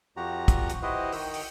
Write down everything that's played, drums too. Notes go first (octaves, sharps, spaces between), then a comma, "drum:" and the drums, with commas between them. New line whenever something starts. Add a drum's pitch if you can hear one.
F2 F3 F#4 G4 A#5
drum: kick, hi-hat
drum: hi-hat
E4 F#4 G4 B4 C5 D#5
D#3 G5 E6, drum: open hi-hat
drum: open hi-hat